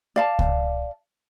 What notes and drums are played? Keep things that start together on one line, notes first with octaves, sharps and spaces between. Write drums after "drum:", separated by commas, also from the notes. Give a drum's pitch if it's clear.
D5 F5 A5
drum: kick C#2